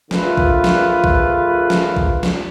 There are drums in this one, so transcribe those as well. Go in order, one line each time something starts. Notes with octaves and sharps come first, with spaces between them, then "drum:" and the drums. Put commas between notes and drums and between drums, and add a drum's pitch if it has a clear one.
A#1 D3 A3 F4 B4, drum: snare
drum: kick A#1
drum: snare
drum: kick A#1
drum: snare
drum: kick A#1
drum: snare